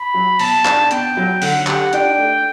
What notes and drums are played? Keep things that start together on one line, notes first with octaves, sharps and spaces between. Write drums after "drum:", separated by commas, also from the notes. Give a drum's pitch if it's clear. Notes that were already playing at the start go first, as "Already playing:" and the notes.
Already playing: B5
F#3
B2 A5, drum: open hi-hat
D4, drum: clap
B3 G5, drum: hi-hat
F#3
D3 F#5, drum: open hi-hat
G4, drum: clap
D4 G5, drum: hi-hat
A3